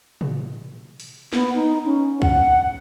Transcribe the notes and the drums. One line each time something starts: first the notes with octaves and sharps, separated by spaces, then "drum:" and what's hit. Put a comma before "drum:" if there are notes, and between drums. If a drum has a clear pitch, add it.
drum: tom
drum: open hi-hat
B3, drum: snare
D#4
C#4
F#5, drum: kick C2